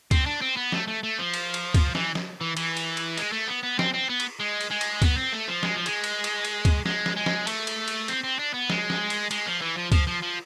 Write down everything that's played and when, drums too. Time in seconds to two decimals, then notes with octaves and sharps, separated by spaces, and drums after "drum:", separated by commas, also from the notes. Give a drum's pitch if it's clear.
0.11 C4, drum: kick C#2, cymbal
0.26 D4
0.42 C4
0.57 B3
0.72 A3, drum: snare
0.87 A3
1.03 A3
1.18 F3
1.34 drum: cymbal
1.54 drum: cymbal
1.74 drum: kick C#2, cymbal
1.95 E3, drum: snare
2.15 drum: snare
2.41 E3
2.57 E3, drum: cymbal
2.77 drum: cymbal
2.97 drum: cymbal
3.17 G#3, drum: cymbal
3.33 A3
3.48 B3
3.63 B3
3.79 C4, drum: snare
3.94 C4
4.10 B3
4.20 drum: cymbal
4.40 G#3
4.61 drum: cymbal
4.71 G#3
4.81 drum: cymbal
5.02 B3, drum: kick C#2, cymbal
5.17 C4
5.32 A3
5.48 F3
5.63 G#3, drum: snare
5.75 F3
5.86 G#3, drum: cymbal
6.04 drum: cymbal
6.24 drum: cymbal
6.45 drum: cymbal
6.65 drum: kick C#2, cymbal
6.86 G#3, drum: snare
7.06 drum: snare
7.16 G#3
7.26 drum: snare
7.47 A3, drum: cymbal
7.67 drum: cymbal
7.88 drum: cymbal
8.08 C4, drum: cymbal
8.24 C4
8.39 D4
8.54 B3
8.70 G#3, drum: snare
8.90 drum: snare
9.10 drum: cymbal
9.31 G#3, drum: cymbal
9.46 F3
9.61 E3
9.77 F3
9.92 F3, drum: kick C#2, cymbal
10.07 F3
10.22 F3